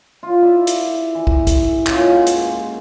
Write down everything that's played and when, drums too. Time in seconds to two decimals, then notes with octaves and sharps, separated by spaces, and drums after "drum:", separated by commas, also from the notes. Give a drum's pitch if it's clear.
0.23 F4
0.42 E4 D5 E5
0.67 drum: hi-hat
1.15 E3
1.27 drum: kick
1.47 drum: kick, hi-hat
1.87 C#4 F4 F#4, drum: clap
1.99 G#3 A#3
2.27 drum: hi-hat